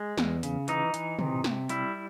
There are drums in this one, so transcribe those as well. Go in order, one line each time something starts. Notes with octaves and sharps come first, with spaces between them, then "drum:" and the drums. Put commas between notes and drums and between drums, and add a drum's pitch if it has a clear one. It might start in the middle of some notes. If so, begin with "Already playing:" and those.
Already playing: G#3
E2, drum: snare
C#3, drum: hi-hat
E3 D#4, drum: hi-hat
E3, drum: hi-hat
C3, drum: tom
C3, drum: snare
G3 E4, drum: hi-hat